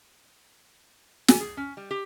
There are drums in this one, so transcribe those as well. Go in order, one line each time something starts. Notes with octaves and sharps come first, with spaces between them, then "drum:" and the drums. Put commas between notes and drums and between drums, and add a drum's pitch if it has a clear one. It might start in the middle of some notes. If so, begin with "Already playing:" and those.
G#5, drum: snare
G#4
C#4
G3
G4